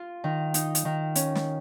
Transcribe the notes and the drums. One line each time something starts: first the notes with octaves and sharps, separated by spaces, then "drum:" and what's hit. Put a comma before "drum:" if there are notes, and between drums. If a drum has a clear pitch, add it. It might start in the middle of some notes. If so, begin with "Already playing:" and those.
Already playing: F4
D#3
D#4, drum: hi-hat
drum: hi-hat
D#3
C#4, drum: hi-hat
drum: snare